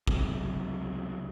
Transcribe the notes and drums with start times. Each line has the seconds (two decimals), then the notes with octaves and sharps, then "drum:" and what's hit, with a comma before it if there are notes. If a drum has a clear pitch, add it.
0.07 C#2 C3 F#3, drum: kick